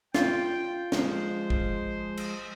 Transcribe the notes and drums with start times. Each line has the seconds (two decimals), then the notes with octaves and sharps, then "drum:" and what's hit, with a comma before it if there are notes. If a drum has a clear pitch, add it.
0.14 F4 G5, drum: snare
0.92 F3 G#3 C5 F5, drum: snare
1.50 drum: kick
2.17 drum: cymbal